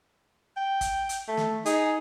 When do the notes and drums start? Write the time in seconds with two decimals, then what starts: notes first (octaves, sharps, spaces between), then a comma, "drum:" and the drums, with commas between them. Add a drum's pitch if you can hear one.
0.57 G5
0.81 drum: kick, hi-hat
1.09 drum: hi-hat
1.28 A3
1.37 drum: snare
1.66 D#4 G#4, drum: hi-hat